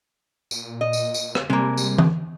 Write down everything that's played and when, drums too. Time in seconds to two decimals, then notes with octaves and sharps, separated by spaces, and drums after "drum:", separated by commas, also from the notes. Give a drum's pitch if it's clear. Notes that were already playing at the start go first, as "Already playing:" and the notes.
0.51 A#2, drum: tambourine
0.81 D#5
0.93 drum: tambourine
1.14 drum: tambourine
1.35 drum: rim click
1.50 C3 G3 G#3 A#3
1.77 drum: tambourine
1.98 drum: tom E3